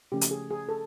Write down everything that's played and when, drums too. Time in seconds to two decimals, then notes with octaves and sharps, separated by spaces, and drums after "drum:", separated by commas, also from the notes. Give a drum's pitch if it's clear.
0.12 C#3 F3 A3 C#4 G4
0.21 drum: hi-hat
0.31 G#4
0.51 G#4
0.69 A4